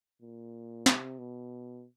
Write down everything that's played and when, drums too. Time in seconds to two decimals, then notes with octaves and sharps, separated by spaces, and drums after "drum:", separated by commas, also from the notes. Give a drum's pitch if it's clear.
0.22 A#2
0.86 C3, drum: snare
1.19 B2